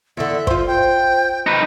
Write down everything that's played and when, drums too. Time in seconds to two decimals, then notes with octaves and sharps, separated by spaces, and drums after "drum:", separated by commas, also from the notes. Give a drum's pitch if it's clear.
0.17 E2 D3 E5
0.47 F4 C5, drum: kick
0.67 G5
1.47 D#4 B4